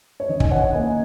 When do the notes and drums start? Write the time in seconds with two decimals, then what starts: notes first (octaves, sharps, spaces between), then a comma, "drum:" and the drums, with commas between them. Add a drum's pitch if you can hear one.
0.20 C#5
0.29 D#3 D#5
0.40 G#5, drum: kick
0.51 C#5 F#5
0.64 F#5
0.73 A#3 D#5 G#5